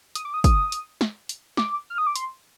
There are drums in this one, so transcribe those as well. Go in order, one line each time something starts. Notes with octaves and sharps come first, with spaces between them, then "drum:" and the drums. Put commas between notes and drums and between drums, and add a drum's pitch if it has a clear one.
D#6, drum: hi-hat
D6
D#6
D#6, drum: kick, hi-hat
drum: hi-hat
drum: snare
drum: hi-hat
D6, drum: snare
F6
D#6
D6
C6, drum: hi-hat